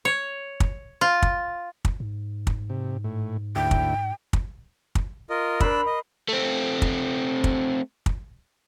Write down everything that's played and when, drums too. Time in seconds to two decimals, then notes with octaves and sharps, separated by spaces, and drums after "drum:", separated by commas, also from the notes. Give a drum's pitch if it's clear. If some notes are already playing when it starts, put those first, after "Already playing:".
0.05 C#5
0.60 drum: kick
1.01 F4
1.22 drum: kick
1.85 drum: kick
2.00 G#2
2.47 drum: kick
2.69 C3
3.04 A2
3.56 D2 E4 G5
3.71 drum: kick
4.33 drum: kick
4.95 drum: kick
5.30 F4 A#4 D#5
5.60 D4 A#4 C5 B5 E6 F#6, drum: kick
5.86 D#5
6.28 A3 C4
6.82 drum: kick
7.44 drum: kick
8.06 drum: kick